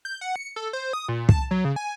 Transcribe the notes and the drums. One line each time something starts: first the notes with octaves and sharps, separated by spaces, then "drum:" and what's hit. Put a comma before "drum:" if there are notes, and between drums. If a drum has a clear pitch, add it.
G6
F#5
C#7
A4
C5
D#6
A#2
A5, drum: kick
F#3
C#3
G#5